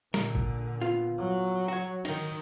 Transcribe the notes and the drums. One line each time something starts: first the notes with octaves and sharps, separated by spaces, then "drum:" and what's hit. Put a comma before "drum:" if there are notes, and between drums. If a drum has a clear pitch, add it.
A#2 D3 A#4, drum: snare
drum: kick
B3 F4
F#3
F#4 C#5
D#3 D#4, drum: cymbal